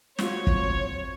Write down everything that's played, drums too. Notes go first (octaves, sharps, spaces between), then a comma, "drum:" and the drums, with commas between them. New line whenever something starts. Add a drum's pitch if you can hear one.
C4 F4 F#4 C#5, drum: snare
drum: kick